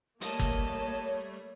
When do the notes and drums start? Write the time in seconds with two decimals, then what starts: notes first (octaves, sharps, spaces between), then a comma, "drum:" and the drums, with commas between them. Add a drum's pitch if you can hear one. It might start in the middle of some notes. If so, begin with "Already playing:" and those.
0.21 G3 A3 A#3 C#5 D#5 A5, drum: hi-hat
0.39 drum: kick